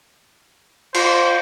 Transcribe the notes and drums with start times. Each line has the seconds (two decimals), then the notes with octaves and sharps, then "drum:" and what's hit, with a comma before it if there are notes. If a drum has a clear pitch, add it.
0.94 F4 C5, drum: cymbal